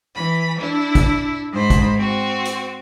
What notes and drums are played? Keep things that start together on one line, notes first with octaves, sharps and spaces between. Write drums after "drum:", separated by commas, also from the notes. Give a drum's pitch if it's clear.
E3 B5
D4 E4
drum: kick, hi-hat
G#2 C5 B5
drum: kick, hi-hat
C4 F#4
drum: hi-hat